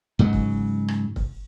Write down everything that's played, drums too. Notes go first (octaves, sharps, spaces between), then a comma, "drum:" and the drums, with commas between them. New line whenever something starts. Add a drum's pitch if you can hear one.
G#2 C#3 F#3
drum: kick C#1
drum: rim click
drum: kick C#1